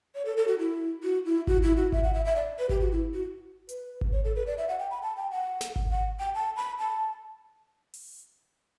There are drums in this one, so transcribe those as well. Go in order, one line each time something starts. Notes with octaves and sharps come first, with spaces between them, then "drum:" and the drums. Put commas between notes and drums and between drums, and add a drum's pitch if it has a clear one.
C#5
A4
A4
F#4
E4
F#4
E4
F#4, drum: kick G#1
E4
F#4
E5, drum: kick G#1
F#5
E5
E5
D5
B4
G4, drum: kick G#1
F#4
E4
F#4
B4, drum: hi-hat
drum: kick G#1
C#5
A4
B4
D5
E5
F#5
G5
B5
A5
G5
F#5
drum: snare
drum: kick G#1
F#5
G5
A5
B5
A5
drum: open hi-hat